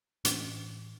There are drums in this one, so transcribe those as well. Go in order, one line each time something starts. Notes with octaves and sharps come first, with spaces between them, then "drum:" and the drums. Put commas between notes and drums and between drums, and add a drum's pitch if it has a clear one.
A2 E3 C#4, drum: hi-hat